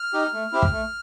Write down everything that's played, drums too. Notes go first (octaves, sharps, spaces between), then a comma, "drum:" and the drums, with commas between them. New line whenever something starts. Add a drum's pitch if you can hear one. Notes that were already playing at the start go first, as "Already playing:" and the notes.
Already playing: F6
D#4 G4
A3
C4 E4 G4
drum: kick
A3